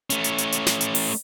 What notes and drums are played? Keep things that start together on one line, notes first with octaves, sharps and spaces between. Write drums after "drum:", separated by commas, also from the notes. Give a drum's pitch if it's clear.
A3 C#4, drum: hi-hat
drum: hi-hat
drum: hi-hat
drum: hi-hat
drum: snare
drum: hi-hat
drum: open hi-hat